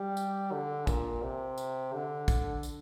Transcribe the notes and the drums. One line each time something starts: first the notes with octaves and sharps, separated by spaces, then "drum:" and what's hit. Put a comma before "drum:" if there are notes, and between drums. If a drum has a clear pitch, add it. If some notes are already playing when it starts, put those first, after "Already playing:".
Already playing: G3
drum: tambourine
D3
A#2, drum: kick, tambourine
C3
drum: tambourine
D3
drum: kick, tambourine
drum: tambourine